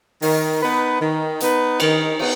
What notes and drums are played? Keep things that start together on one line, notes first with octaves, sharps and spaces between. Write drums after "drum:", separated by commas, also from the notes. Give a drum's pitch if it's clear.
D#3, drum: open hi-hat
B3 D#4 B4
D#3
B3 D#4 B4, drum: hi-hat
D#3, drum: cymbal
B3 D#4, drum: cymbal